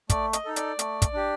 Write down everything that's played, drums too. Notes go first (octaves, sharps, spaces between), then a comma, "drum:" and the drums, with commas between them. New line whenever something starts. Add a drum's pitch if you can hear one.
A3 D5, drum: kick, hi-hat
D#5, drum: hi-hat
D#4 A4
D5, drum: hi-hat
A3, drum: hi-hat
drum: kick, hi-hat
D4 G4